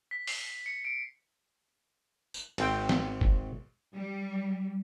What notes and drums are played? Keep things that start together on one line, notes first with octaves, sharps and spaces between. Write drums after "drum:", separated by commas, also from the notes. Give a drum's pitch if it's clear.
B6
C7, drum: open hi-hat
C#7
D7
drum: tambourine
G#1 C4 G5, drum: cymbal
drum: snare
drum: kick
G3